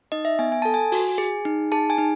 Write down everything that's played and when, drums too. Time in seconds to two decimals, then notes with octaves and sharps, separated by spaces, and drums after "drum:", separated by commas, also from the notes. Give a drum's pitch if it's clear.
0.12 D#4 D#5
0.25 E5
0.39 B3 G#5
0.52 G#5
0.62 A4 A5
0.74 G#5
0.92 F#4, drum: open hi-hat
1.18 G#4
1.45 D#4
1.72 G#4 A5
1.90 G#5
1.98 D#4